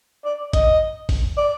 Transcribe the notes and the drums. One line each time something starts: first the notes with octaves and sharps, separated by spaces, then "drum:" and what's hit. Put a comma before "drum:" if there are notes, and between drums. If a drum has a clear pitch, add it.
D5
D#5, drum: kick G#1, hi-hat
drum: kick G#1, open hi-hat
D5